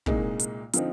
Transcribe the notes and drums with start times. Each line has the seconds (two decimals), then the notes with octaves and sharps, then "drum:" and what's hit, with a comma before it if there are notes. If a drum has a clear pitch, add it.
0.06 C2 A#2 G#3 D#4, drum: kick
0.39 drum: hi-hat
0.73 D3 F3 C4 D#4, drum: hi-hat